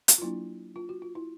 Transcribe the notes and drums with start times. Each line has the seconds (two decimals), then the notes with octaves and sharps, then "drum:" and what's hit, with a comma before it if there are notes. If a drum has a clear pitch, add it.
0.08 drum: hi-hat
0.18 F4
0.22 F#3 A#3 D4 E4
0.76 F4
0.89 F#4
1.02 F4
1.15 E4